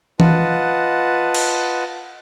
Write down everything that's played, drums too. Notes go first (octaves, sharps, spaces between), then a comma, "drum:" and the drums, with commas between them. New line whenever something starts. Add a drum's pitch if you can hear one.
F4 B4 D#5 F#5 A5, drum: tom E3
drum: cymbal